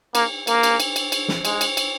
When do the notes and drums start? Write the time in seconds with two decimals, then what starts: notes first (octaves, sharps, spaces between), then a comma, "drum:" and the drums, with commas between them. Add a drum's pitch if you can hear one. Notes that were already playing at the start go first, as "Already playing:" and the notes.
0.15 A#3, drum: cymbal
0.47 A#3, drum: cymbal
0.63 drum: cymbal
0.80 drum: cymbal
0.96 drum: cymbal
1.12 drum: cymbal
1.28 drum: snare
1.45 G#3, drum: cymbal
1.61 drum: cymbal
1.77 drum: cymbal